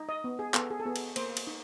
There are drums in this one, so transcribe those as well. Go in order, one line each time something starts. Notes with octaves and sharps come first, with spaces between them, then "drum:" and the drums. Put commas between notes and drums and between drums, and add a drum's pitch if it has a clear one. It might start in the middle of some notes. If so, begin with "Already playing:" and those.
Already playing: D#4
D#5
B3
G#4
B3 A4, drum: clap
G#4
A4
B3 G#4
drum: cymbal
A#3 C5, drum: cymbal
drum: cymbal
D#4